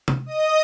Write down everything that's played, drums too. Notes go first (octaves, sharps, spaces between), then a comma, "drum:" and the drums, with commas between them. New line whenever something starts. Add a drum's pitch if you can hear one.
drum: tom
D#5 D#6